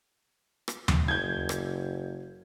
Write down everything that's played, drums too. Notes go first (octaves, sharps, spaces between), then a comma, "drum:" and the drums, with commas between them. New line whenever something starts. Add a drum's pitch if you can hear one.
drum: rim click
drum: tom D#2
F#1 G6 G#6
drum: rim click